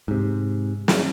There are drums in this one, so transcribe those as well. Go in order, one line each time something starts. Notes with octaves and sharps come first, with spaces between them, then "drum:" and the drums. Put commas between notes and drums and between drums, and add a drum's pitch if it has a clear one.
G#2 C3
drum: snare